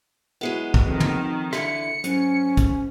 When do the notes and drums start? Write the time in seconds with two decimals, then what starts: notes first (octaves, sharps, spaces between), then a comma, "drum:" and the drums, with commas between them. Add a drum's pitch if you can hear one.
0.41 F#3 G#3 B3 E4
0.74 drum: kick
0.86 D#3 F3 C4 A4
1.00 drum: tom
1.53 D3 E3 B6 C#7, drum: rim click
2.04 G#2 F#3 C#4, drum: hi-hat
2.57 drum: kick, hi-hat